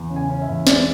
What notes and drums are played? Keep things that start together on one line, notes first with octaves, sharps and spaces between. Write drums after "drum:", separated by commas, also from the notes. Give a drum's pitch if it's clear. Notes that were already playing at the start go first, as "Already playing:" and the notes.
Already playing: E2
C#3
G#5
C#4
E5
E2
G#3 D5, drum: snare